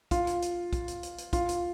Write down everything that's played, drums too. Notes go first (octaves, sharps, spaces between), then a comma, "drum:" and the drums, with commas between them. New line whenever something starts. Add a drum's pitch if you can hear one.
F4, drum: kick, hi-hat
drum: hi-hat
drum: hi-hat
drum: kick, hi-hat
drum: hi-hat
drum: hi-hat
drum: hi-hat
F4, drum: kick, hi-hat
drum: hi-hat